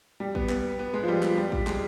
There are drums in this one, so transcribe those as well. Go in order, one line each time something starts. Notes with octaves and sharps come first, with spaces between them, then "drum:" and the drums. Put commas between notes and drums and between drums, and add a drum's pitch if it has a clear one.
G3
B3, drum: kick A1
B3, drum: clap
B3
G#3
F3
G3
F3, drum: clap
G3
drum: kick A1
G#3, drum: clap